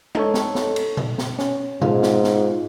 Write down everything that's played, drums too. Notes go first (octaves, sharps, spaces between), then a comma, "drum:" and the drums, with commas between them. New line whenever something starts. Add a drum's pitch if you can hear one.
D#4 A4 C#5, drum: tom G#3
drum: snare
drum: snare
drum: cymbal
drum: tom A#2
drum: snare
C#4, drum: snare
G#2 F4, drum: tom A#2
drum: snare
drum: snare